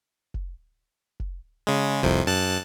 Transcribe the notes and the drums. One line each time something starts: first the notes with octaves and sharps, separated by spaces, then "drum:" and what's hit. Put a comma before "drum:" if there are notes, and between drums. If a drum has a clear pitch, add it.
drum: kick F1
drum: kick F1
C#3 G#3
C2 F2 C3, drum: kick F1
F#2 A5 F#6